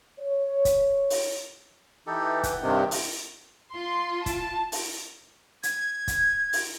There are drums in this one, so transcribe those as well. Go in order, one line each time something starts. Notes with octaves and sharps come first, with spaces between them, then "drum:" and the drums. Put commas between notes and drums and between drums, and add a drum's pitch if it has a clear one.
C#5
drum: kick, hi-hat
drum: open hi-hat
E3 D#4 G4 A4
F#5 G5, drum: kick, hi-hat
G2 C3 D#3
drum: open hi-hat
F4 C6
A5, drum: kick, hi-hat
drum: open hi-hat
G#6, drum: hi-hat
drum: kick, hi-hat
drum: open hi-hat